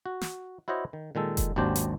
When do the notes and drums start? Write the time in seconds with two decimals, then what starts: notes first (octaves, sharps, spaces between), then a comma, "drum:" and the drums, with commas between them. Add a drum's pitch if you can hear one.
0.06 F#4
0.21 drum: snare
0.68 E4 F#4 C5 C#5 D#5
0.93 D#3
1.15 A#2 D#3 G#3 A4
1.37 drum: kick F1, hi-hat
1.56 G#1 D#2 F#3 D4 G4 C5
1.76 drum: hi-hat